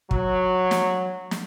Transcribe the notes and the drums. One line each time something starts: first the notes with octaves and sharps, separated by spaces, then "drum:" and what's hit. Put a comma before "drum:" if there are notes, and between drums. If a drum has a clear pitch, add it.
F#3, drum: kick
drum: snare
drum: snare